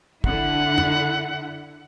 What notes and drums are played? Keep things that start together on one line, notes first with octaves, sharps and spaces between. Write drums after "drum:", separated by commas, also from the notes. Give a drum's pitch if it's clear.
D3 E4 F#5, drum: kick
drum: tom F2